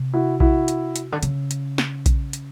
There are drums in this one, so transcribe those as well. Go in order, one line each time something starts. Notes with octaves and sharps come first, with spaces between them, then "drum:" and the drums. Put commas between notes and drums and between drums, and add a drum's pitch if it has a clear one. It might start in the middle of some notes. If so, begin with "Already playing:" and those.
Already playing: C3
E4 F#4
E4 F#4, drum: kick A#1
drum: hi-hat
drum: hi-hat
D3
C#3, drum: hi-hat
drum: hi-hat
drum: snare
drum: kick A#1, hi-hat
drum: hi-hat